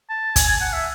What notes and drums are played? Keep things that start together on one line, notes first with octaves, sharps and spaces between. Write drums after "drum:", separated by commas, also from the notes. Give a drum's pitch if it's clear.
A5
G#5, drum: kick, hi-hat
G#5
F#5
E5